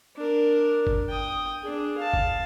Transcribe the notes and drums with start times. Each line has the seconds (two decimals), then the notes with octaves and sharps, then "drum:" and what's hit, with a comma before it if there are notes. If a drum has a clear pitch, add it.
0.16 D4 A#4
0.87 drum: kick F#1
1.09 G5 D#6
1.63 D4 G#4
1.98 F5 A5
2.14 drum: kick F#1